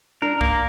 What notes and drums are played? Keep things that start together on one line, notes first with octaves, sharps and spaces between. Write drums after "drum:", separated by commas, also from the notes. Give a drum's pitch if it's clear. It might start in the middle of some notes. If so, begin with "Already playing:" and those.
D4 A#4
A#3, drum: kick C2